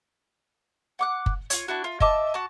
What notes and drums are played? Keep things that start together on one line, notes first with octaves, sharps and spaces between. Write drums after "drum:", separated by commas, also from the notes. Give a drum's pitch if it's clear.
F#5 D6 F#6
drum: kick F#1
F4 C#5, drum: hi-hat
D4 E4 F#4
F4
D#5 E5 A5 D6, drum: kick F#1
F#4 A5